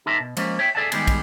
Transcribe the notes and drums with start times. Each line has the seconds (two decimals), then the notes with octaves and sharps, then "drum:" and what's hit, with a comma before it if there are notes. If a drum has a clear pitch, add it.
0.06 D#4 G4 A#4 E5 A5 C6
0.20 B2
0.37 F3 G#3 A#3 C#4, drum: cymbal
0.59 C#5 E5 G5
0.75 G#4 A4 D5 E5 F#5 A5
0.92 D#3 G3 G#3 B3 G#4, drum: cymbal
1.08 drum: kick, cymbal